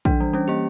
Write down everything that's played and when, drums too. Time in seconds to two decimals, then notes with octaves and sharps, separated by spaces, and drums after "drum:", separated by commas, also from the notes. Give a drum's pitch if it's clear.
0.05 E3 D4, drum: kick
0.20 G3
0.33 G3 C#4
0.48 A#3 G4